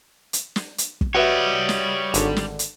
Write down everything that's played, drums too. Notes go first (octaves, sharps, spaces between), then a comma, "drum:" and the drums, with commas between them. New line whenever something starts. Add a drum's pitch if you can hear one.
drum: hi-hat
drum: snare
drum: hi-hat
drum: kick
G3 F#4 B4 C#5 D#5 E5
drum: snare
G#1 D3, drum: hi-hat
drum: snare
drum: hi-hat